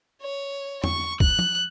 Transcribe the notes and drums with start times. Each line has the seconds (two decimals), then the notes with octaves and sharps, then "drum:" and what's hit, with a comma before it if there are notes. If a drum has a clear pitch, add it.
0.22 C#5
0.84 C#6, drum: tom E2
1.20 F#6, drum: kick
1.39 drum: tom F3